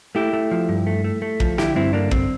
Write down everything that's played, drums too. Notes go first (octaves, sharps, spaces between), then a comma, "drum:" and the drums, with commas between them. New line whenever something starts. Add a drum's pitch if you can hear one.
A3 E4 G4
A3
F3
G2
A3
A3
A3
F3, drum: kick
D3 E4 G4, drum: snare
G2 C4 E4
D3 A#3 D4
G2 C4, drum: kick